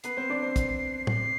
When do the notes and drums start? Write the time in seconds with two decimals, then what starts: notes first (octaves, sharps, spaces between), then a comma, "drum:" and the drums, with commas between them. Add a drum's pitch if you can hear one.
0.04 B3 B4 C7, drum: hi-hat
0.17 C4 C5
0.30 D4 D5
0.42 C4 C5
0.56 drum: kick, hi-hat
1.07 C7, drum: tom